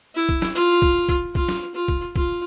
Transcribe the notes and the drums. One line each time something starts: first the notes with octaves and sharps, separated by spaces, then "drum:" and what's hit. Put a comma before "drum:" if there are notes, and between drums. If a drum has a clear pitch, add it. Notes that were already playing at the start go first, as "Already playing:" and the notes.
E4
drum: kick
drum: snare
F4
drum: kick
drum: kick
F4, drum: kick
drum: snare
F4
drum: kick
F4, drum: kick